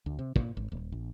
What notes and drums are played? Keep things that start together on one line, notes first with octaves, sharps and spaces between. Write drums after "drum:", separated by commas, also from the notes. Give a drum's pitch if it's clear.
D2
C3
A#2, drum: kick
G#1
D#1
A#1